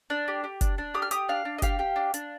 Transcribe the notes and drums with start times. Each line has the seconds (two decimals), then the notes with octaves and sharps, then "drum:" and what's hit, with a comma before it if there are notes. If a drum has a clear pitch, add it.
0.10 D4
0.28 G4
0.44 G4
0.61 D4, drum: kick F#1, hi-hat
0.78 D4
0.94 G4 D#6
1.02 F6
1.11 G4 D#6, drum: hi-hat
1.29 D4 F5
1.45 D4
1.58 D#5
1.62 G4 F5, drum: kick F#1, hi-hat
1.79 G4
1.96 D4
2.14 D4, drum: hi-hat